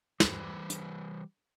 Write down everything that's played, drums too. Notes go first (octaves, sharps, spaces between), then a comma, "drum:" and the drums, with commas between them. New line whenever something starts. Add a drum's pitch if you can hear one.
E3 G3 B4 C5, drum: snare
drum: hi-hat